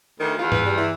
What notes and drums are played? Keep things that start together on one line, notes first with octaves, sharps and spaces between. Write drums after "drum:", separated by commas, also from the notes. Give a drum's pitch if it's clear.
D2 D#3
E2 F4
B4, drum: tom G2
G3
E3